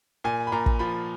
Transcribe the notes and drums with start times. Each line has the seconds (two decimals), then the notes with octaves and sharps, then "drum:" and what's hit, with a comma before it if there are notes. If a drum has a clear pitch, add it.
0.24 A#2 G#5
0.47 B5
0.52 A#2 A#5
0.66 drum: kick
0.79 F3 B5